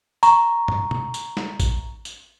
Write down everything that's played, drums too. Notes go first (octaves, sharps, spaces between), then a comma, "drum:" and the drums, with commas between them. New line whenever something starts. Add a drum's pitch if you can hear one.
A#5 C#6, drum: tambourine
drum: tom
drum: tom
drum: tambourine
drum: snare
drum: kick A1, tambourine
drum: tambourine